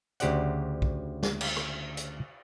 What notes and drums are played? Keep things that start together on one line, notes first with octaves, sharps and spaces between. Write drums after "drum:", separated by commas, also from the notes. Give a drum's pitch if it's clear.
D2 C#3 G4 C5 D5 F#5, drum: hi-hat
drum: kick
drum: snare
drum: cymbal
drum: rim click
drum: hi-hat